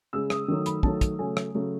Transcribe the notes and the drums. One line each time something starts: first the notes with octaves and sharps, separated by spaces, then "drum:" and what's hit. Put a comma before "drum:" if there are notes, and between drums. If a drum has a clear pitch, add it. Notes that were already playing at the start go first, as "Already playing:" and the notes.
C#3 G#3 E6
D#6, drum: rim click
D#3 F#3 A3
B5, drum: hi-hat
D#3 F#3 A3 A5, drum: kick
drum: kick, hi-hat
C#3 F#3 A3 G#5
drum: rim click
C#3 F#3 A3